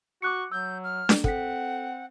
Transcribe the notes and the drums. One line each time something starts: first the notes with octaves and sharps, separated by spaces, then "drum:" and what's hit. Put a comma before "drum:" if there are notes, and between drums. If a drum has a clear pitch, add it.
F#4 C#6 D6 F#6 C#7
F#3 E6 G6
F6
drum: snare D4
C4 A4 F#5 B6, drum: kick